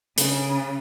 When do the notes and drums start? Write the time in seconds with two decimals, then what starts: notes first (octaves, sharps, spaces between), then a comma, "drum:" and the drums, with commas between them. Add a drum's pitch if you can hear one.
0.18 C#3, drum: hi-hat